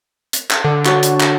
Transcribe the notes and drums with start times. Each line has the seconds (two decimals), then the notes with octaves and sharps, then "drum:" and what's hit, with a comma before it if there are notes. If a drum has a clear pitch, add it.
0.33 drum: hi-hat
0.51 drum: clap
0.64 D3
0.85 F#4 C#5 A5, drum: clap
1.03 drum: hi-hat
1.20 drum: clap